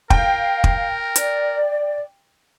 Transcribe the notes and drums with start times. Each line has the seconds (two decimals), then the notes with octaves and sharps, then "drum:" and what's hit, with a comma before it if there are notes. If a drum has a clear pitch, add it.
0.10 A#4 F5 G5, drum: kick
0.64 drum: kick
1.16 D5, drum: hi-hat